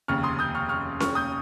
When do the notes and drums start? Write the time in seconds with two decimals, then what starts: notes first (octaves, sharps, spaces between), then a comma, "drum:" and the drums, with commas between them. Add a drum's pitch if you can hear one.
0.08 F1 D#2 C#3 C#6 F6
0.24 C6 D#6
0.39 D#6 G6
0.55 C#6 F6
0.69 C#6 F6
1.00 C#6 F6, drum: snare C#4
1.15 D#6 G6